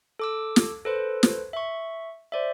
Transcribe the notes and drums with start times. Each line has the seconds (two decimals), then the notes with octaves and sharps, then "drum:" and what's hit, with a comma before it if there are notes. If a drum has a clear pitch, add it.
0.19 A4 D6 E6
0.56 drum: snare
0.85 A4 B4 C5
1.23 drum: snare
1.53 E5 C#6
2.32 C5 D5 E5